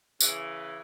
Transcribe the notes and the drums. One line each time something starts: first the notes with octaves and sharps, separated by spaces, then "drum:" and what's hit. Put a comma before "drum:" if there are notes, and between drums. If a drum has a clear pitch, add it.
C#3 E3, drum: tambourine